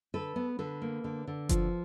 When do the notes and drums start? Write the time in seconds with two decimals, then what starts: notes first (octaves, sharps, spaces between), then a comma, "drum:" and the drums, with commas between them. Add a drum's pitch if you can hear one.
0.14 D3 A4 B4
0.36 B3
0.59 D3 A4 B4
0.82 A#3
1.04 D3
1.27 D3
1.49 F3, drum: kick F#1, hi-hat